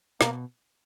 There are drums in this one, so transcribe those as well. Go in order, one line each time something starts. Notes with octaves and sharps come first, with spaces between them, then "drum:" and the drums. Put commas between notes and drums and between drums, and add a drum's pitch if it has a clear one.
B2 A#3, drum: snare